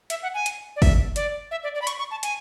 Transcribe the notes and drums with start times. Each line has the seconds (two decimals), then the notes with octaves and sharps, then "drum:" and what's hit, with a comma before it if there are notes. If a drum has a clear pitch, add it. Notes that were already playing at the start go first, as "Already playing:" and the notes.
0.10 E5, drum: hi-hat
0.23 F#5
0.34 G#5
0.46 drum: hi-hat
0.76 D5
0.82 E5, drum: kick, open hi-hat
1.16 D5, drum: hi-hat
1.51 E5
1.64 D5
1.75 D5
1.82 B5
1.87 C#6, drum: hi-hat
1.99 C#6
2.11 A5
2.23 G#5, drum: hi-hat